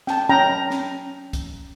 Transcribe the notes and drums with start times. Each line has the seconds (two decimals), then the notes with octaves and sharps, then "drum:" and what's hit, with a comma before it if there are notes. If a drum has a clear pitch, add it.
0.07 G5 A5, drum: snare C#4
0.29 C#4 G5 A#5 B5
0.70 drum: snare C#4
1.33 drum: kick C2, hi-hat